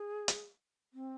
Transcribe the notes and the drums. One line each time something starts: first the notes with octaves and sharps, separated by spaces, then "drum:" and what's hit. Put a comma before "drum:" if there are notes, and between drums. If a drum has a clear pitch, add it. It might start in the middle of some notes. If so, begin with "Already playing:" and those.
Already playing: G#4
drum: hi-hat
C4